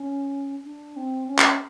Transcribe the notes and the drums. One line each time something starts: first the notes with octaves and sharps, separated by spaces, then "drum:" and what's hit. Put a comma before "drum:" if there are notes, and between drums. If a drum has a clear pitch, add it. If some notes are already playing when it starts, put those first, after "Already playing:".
Already playing: C#4
D4
C4
C#4
drum: clap